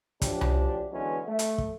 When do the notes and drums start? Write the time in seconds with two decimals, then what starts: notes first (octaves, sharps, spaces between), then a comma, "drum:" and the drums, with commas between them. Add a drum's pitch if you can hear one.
0.22 D2 F3 C#4 D4 G4, drum: kick, hi-hat
0.41 drum: tom C2
0.92 D3 E3 F#3 G#3 B3 C#4
1.27 A3
1.39 drum: hi-hat
1.58 drum: kick